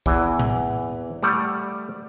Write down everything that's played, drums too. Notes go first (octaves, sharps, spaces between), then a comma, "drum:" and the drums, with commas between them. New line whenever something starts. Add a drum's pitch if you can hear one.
E2 E3, drum: kick
drum: tom A2
G3 A3 D5 F#5